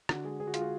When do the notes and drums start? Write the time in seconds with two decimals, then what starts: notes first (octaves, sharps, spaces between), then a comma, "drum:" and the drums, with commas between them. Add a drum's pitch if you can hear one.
0.09 D3 F#4, drum: rim click
0.24 G#3 G#4
0.40 D3 G#4
0.47 F#4
0.54 G#3 F4, drum: hi-hat
0.62 F#4